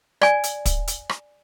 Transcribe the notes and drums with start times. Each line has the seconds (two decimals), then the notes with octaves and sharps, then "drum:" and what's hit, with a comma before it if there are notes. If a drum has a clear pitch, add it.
0.22 D5 G#5, drum: rim click
0.44 drum: hi-hat
0.65 drum: kick, hi-hat
0.87 drum: hi-hat
1.09 drum: rim click